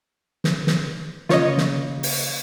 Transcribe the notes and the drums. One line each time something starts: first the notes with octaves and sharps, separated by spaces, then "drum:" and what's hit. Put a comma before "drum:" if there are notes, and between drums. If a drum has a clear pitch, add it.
drum: snare
drum: snare
C#3 A#3 F4 C#5 D#5, drum: snare
drum: snare
drum: open hi-hat